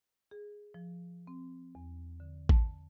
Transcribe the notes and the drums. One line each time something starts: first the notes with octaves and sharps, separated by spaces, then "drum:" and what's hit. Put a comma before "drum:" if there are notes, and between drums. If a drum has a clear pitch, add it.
G#4
F3
C4
E2
D3
A5, drum: kick A1